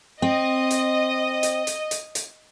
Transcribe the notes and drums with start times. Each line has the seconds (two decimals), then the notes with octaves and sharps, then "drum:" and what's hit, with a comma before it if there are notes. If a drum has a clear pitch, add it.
0.22 C4 D#5
0.71 drum: hi-hat
1.43 drum: hi-hat
1.67 drum: hi-hat
1.91 drum: hi-hat
2.15 drum: hi-hat